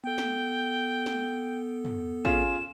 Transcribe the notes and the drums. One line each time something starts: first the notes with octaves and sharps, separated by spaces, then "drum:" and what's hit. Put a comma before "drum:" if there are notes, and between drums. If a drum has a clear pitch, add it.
B3 A4 G5
drum: snare
drum: snare
drum: tom
C#4 F4 G#4 E7, drum: kick